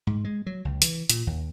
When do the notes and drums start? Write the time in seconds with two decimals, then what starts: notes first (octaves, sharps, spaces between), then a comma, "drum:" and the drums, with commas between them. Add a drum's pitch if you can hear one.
0.07 G#2
0.25 G#3
0.46 F#3
0.65 C#2
0.82 E3, drum: hi-hat
1.10 A#2, drum: hi-hat
1.27 D#2